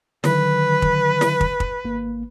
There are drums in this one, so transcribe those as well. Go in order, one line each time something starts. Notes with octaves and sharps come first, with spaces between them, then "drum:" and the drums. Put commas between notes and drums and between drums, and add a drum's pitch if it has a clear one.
D3 D#3 F#3 B4, drum: snare
drum: kick
drum: snare
drum: kick
drum: kick
G#1 A#3